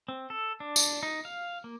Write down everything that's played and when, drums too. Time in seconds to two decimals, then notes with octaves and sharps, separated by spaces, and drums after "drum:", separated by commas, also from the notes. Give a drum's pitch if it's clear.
0.08 C4
0.30 A4
0.60 D4
0.76 drum: tambourine
1.03 D#4
1.25 F5
1.64 A#3